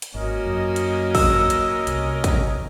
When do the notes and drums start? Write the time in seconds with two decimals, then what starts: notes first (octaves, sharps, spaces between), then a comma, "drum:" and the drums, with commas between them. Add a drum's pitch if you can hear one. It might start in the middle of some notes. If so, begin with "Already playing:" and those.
0.02 drum: hi-hat
0.14 G#1 A#3 C#4 F#4 A#4 D#5
0.45 F#2
0.76 drum: hi-hat
1.15 E6, drum: kick, open hi-hat
1.50 drum: hi-hat
1.87 C2, drum: hi-hat
2.24 drum: kick, hi-hat